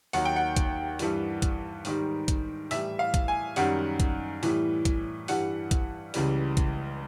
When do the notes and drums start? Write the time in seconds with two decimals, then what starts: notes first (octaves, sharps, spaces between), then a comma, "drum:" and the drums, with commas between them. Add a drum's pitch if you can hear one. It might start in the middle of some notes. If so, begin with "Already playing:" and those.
0.13 D#2 D#3 F#3 F#5, drum: open hi-hat
0.25 G5
0.36 F#5
0.56 drum: kick A#1, hi-hat
0.99 G2 E3 G3, drum: open hi-hat
1.42 drum: kick A#1, hi-hat
1.85 G#2 D#3 G3, drum: open hi-hat
2.28 drum: kick A#1, hi-hat
2.71 A2 E3 G3 E5, drum: open hi-hat
2.99 F5
3.14 drum: kick A#1, hi-hat
3.28 G#5
3.56 F#2 D#3 G3 F#5, drum: open hi-hat
4.00 drum: kick A#1, hi-hat
4.43 A2 E3 G3, drum: open hi-hat
4.85 drum: kick A#1, hi-hat
5.28 G2 E3 G3 F#5, drum: open hi-hat
5.71 drum: kick A#1, hi-hat
6.14 C#2 C#3 E3 G3, drum: open hi-hat
6.57 drum: kick A#1, hi-hat